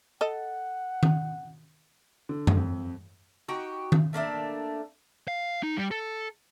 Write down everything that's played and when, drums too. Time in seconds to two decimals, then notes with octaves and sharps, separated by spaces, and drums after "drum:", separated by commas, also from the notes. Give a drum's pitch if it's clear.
0.21 A4 D#5 F#5
1.03 drum: tom D#3
2.29 D3
2.47 drum: tom F#2
2.57 F2
3.48 D#4 F#4 G4 G5
3.92 drum: tom D#3
4.13 A3 A#3 D4 E5
5.28 F5
5.63 D#4
5.77 G3
5.91 A4